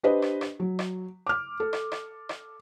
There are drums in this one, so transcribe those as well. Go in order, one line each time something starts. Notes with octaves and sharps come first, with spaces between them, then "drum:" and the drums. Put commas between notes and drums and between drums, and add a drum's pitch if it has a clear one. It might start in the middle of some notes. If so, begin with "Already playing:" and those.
D4 G4 B4 C5 D#5
drum: rim click
drum: rim click
F#3
drum: rim click
D6 F6
A4
drum: rim click
drum: rim click
drum: rim click